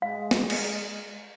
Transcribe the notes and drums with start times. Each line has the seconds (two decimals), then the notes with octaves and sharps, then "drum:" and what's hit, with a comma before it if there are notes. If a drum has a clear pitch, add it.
0.02 G#3 F5
0.31 drum: snare
0.50 drum: cymbal